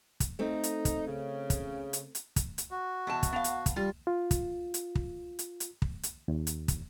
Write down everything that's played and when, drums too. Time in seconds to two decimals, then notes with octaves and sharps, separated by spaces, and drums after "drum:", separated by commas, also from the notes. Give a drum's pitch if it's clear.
0.20 drum: kick, hi-hat
0.39 A3 C4 D#4
0.63 drum: hi-hat
0.85 drum: kick, hi-hat
1.07 C#3
1.50 drum: kick, hi-hat
1.93 drum: hi-hat
2.15 drum: hi-hat
2.36 drum: kick, hi-hat
2.58 drum: hi-hat
2.71 F#4
3.07 E2 B2 A5
3.23 drum: kick, hi-hat
3.33 B3 F5
3.44 drum: hi-hat
3.66 drum: kick, hi-hat
3.76 G3 F4
4.07 F4
4.31 drum: kick, hi-hat
4.74 drum: hi-hat
4.95 drum: kick
5.39 drum: hi-hat
5.60 drum: hi-hat
5.82 drum: kick
6.03 drum: hi-hat
6.28 D#2
6.47 drum: hi-hat
6.68 drum: kick, hi-hat